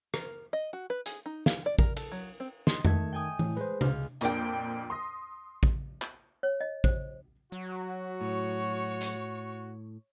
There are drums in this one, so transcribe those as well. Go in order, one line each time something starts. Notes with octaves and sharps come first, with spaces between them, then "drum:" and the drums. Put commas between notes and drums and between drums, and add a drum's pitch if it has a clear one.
A#4, drum: rim click
D#5
F#4
B4
G#4, drum: hi-hat
D#4
F5, drum: snare
D5
A#4, drum: kick A1
A4, drum: cymbal
F#3
C4
D#5 C6, drum: snare
D#3 A3 G#6, drum: tom F2
G5 G#5 D#6
A2, drum: tom E3
G#3 B4 C5
C#2 F6, drum: tom C3
F2 A#2 A#3 D4 G5, drum: hi-hat
C6 D#6 A#6
drum: kick A1
drum: clap
C#5
D#5
C5, drum: kick A1
F#3 F#4
A2 C#5 C#6
drum: hi-hat